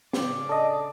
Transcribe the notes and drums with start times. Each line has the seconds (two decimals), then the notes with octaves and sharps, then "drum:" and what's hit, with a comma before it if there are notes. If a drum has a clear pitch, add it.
0.13 C#3 D5, drum: snare
0.49 D4 A4 D#5